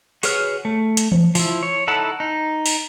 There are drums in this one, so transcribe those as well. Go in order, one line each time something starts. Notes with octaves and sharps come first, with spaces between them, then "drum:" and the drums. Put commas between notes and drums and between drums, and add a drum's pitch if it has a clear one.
F#4 G#4 B4 C#5 F6, drum: open hi-hat
A3
drum: hi-hat
drum: tom E3
F3 E4, drum: open hi-hat
C#5
D#4 E4 A4 F#5 A5
D#4
drum: open hi-hat